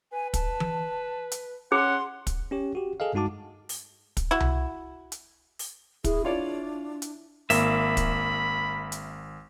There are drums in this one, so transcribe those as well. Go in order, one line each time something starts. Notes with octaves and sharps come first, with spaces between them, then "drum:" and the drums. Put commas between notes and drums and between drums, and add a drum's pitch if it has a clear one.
B4 G#5
A5, drum: kick, hi-hat
drum: tom E3
drum: hi-hat
C#4 G#4 F#5 C6
drum: kick, hi-hat
C#4 G4 C#5
F#4 G4
G#4 A4 D#5 F5
G2 G#3 D#4 F#4 A5 D6
drum: open hi-hat
drum: kick, hi-hat
E4 F#4
drum: tom C2
drum: hi-hat
drum: open hi-hat
E4 G#4, drum: kick, hi-hat
D4 F4 C#5 D5
drum: hi-hat
G#1 A#3 E5 B5, drum: open hi-hat
drum: kick, hi-hat
drum: hi-hat